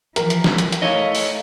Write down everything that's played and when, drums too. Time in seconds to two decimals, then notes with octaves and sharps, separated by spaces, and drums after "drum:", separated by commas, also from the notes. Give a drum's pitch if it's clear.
0.16 E3 F3 A#4, drum: hi-hat
0.30 drum: hi-hat
0.44 drum: snare
0.58 drum: hi-hat
0.72 drum: hi-hat
0.82 A3 E4 C#5 D#5 F5
1.15 drum: open hi-hat